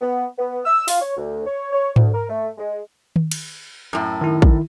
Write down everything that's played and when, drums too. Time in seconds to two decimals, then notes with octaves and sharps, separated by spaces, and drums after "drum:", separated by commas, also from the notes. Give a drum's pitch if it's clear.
0.01 B3
0.39 B3
0.66 E6
0.88 F4, drum: open hi-hat
1.02 C#5
1.17 D2
1.46 C#5
1.72 C#5
1.96 D2, drum: tom G#2
2.14 A#4
2.30 A3
2.58 G#3
3.16 drum: tom D#3
3.31 drum: cymbal
3.93 F#2 A2
4.21 D#3 E4
4.42 drum: kick